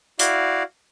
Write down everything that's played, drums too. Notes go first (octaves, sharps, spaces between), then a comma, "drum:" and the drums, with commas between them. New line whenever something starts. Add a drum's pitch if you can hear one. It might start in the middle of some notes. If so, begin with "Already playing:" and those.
E4 F#4 D5 F5, drum: hi-hat